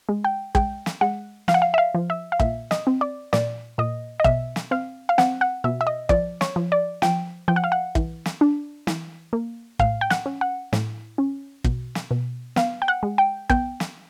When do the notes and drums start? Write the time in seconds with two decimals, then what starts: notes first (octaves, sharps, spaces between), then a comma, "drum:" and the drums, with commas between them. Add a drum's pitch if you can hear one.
0.09 G#3
0.24 G5
0.55 G#3 G5, drum: kick
0.86 drum: snare
1.01 G#3 F#5
1.48 F3 F5, drum: snare
1.54 F#5
1.62 F5
1.74 E5
1.78 F5
1.95 F3
2.10 E5
2.32 F5
2.40 A#2 E5, drum: kick
2.71 D#5, drum: snare
2.87 C4
3.01 D5
3.33 A#2 D5, drum: snare
3.78 A#2 D#5
4.20 D#5
4.24 B2 E5, drum: kick
4.56 drum: snare
4.71 C4 F5
5.09 F5
5.18 C4 F#5, drum: snare
5.41 F#5
5.64 B2 E5
5.81 E5
5.87 D#5
6.09 F3 D5, drum: kick
6.41 C#5, drum: snare
6.56 F3
6.72 D5
7.02 F3 G5, drum: snare
7.48 F3 G5
7.56 F#5
7.64 F5
7.72 F#5
7.95 E3, drum: kick
8.26 drum: snare
8.41 D4
8.87 E3, drum: snare
9.33 A#3
9.79 A2 F5, drum: kick
10.01 G5
10.10 F#5, drum: snare
10.26 C#4
10.41 F#5
10.73 A2, drum: snare
11.18 C#4
11.64 B2, drum: kick
11.95 drum: snare
12.11 B2
12.56 B3 F5, drum: snare
12.82 G5
12.88 F#5
13.03 G#3
13.18 G5
13.50 B3 G5, drum: kick
13.80 drum: snare